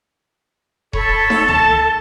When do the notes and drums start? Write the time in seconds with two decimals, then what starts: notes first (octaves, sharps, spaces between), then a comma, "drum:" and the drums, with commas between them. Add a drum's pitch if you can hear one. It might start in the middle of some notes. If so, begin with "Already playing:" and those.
0.93 A4 C#5 B5, drum: kick D#1
1.30 drum: snare D#4
1.48 A5, drum: tom